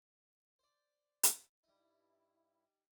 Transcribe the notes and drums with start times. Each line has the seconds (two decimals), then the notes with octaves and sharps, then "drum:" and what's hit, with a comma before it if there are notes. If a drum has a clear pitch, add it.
0.59 C5 D5
1.23 drum: hi-hat
1.64 G2 G3 D#4 E4